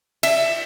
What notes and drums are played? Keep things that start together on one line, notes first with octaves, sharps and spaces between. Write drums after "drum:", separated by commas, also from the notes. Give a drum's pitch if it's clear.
E5, drum: cymbal